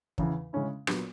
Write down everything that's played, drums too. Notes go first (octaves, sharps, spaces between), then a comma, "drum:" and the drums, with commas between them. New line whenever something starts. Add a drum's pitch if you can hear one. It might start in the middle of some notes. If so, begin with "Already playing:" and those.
E2 C#3 E3, drum: kick
C#3 G#3 C#4 E4
A#2 F#3 B3, drum: rim click